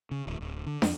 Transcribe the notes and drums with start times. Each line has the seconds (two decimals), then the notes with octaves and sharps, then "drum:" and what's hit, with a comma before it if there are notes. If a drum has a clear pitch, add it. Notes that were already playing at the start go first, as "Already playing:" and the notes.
0.11 C#3
0.27 D1
0.40 D1
0.66 D3
0.82 F2, drum: snare